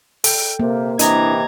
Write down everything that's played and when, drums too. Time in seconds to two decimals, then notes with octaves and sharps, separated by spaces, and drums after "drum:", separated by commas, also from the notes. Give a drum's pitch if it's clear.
0.24 A4 G5, drum: open hi-hat
0.59 C3 A#3
0.99 C3 E3 D4 E4 G4 D#5 A#5 G#6, drum: hi-hat